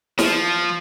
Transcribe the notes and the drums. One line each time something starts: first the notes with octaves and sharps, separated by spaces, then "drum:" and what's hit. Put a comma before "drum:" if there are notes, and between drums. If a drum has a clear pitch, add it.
F3, drum: snare